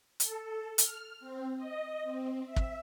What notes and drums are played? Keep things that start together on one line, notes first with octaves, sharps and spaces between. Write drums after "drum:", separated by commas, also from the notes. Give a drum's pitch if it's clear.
A4, drum: hi-hat
F6, drum: hi-hat
C4
D#5
C4
E5
drum: kick